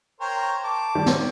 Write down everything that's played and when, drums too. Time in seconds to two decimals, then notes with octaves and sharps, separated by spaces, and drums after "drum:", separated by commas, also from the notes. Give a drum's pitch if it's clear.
0.20 A#4 C5 C#5 G5
0.64 A5 D6
0.95 D#3 G3
1.06 drum: snare